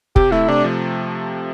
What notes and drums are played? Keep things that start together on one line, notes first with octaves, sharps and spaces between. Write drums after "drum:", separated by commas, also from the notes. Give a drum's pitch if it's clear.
C3 G4, drum: kick
A3 E4
C3 D4
F3